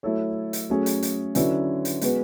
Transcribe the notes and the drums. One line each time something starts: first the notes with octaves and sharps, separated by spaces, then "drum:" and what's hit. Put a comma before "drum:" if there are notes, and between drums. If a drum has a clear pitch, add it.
F#3 A3 E4 A4 C#5
drum: hi-hat
F#3 A3 C#4 G#4
drum: hi-hat
drum: hi-hat
D3 F#3 C#4 E4 B4, drum: hi-hat
drum: hi-hat
G#3 B3 F#4 B4, drum: hi-hat